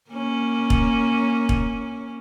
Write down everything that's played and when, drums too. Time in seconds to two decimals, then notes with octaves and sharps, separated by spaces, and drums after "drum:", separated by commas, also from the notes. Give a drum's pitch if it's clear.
0.11 A#3 C#4
0.70 drum: kick
1.49 drum: kick